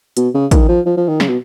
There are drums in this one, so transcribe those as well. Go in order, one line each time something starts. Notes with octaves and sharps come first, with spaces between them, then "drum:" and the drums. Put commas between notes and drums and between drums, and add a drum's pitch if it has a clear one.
B2, drum: hi-hat
C#3
D#3, drum: kick, hi-hat
F3
F3
F3
D#3
C#3, drum: snare
B2